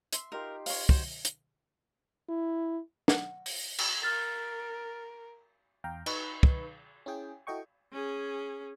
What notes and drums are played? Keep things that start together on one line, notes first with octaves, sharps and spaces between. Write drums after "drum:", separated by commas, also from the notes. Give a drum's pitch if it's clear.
E5 C6, drum: hi-hat
D#4 F4 G4 A#4
C#5 F5, drum: open hi-hat
F#4 C5 C#5 F#5, drum: kick
drum: hi-hat
E4
F#5, drum: snare
drum: open hi-hat
drum: cymbal
A#4 F6 A6
E2 F5 G5 A#5
D#4 B4 C#6, drum: cymbal
drum: kick
C#4 E4 G#4 G5
E4 F#4 A4 D#5 G5 C#6
C#4 G#4